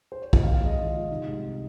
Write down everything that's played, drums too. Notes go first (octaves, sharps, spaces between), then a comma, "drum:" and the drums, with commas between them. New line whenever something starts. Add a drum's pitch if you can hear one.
C5
C#5
D#5, drum: kick
G#1 F5
F5
G#2 F3 G#3
D#5
G#1 F4
G#2 F3 G#3
C2 D#4
C3 F3 G#3